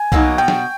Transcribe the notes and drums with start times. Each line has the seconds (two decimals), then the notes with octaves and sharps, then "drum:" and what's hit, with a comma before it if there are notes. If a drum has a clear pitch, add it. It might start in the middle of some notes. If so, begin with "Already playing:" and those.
Already playing: G#5
0.12 B2 F#3 A#3 D#4, drum: kick B1
0.38 B2 G5
0.48 drum: snare